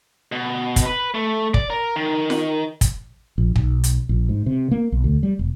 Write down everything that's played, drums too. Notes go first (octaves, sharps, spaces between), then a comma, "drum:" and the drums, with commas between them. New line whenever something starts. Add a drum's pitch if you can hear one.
B2
drum: kick, hi-hat
B4
A3
D5, drum: kick
A#4
D#3
drum: snare F4
drum: kick, hi-hat
A#1
B1, drum: kick
drum: hi-hat
A#1
G#2
C3
A#3
B1
D2
G3
E1